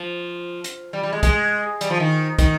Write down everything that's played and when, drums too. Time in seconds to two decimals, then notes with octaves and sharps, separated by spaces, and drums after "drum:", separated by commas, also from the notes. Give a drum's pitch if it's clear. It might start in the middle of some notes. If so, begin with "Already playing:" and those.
Already playing: F3
0.64 drum: hi-hat
0.93 G3
1.03 G3
1.13 G#3
1.23 G#3, drum: kick, hi-hat
1.81 G3, drum: hi-hat
1.90 F3
2.00 D#3
2.39 D#3, drum: kick, hi-hat